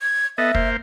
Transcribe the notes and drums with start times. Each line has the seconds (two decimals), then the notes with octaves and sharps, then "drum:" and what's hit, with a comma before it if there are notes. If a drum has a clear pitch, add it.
0.02 G#6
0.38 B3 A4 D#5 E5
0.55 A#3 C5, drum: kick